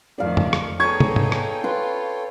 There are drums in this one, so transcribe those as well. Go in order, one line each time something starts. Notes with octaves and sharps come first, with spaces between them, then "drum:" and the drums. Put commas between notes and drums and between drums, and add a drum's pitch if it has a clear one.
F2 A2 D#3 D5 F5
drum: tom F2
drum: rim click
B3 D#4 G#4 A4 C#5 G5 C#6 G#6
drum: tom
drum: tom G#2
drum: rim click
F4 B4 C6